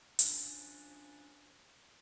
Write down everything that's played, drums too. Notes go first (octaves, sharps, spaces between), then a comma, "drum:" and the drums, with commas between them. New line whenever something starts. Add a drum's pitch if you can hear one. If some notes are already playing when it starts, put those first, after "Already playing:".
F3 C#4 D4, drum: hi-hat